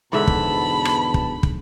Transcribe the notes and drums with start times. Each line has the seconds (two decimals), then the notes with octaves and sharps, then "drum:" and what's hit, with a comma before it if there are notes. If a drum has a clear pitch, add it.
0.13 E2 G#2 B2 D3 E5 A5 B5
0.28 drum: kick
0.85 drum: rim click
1.14 drum: kick
1.43 drum: kick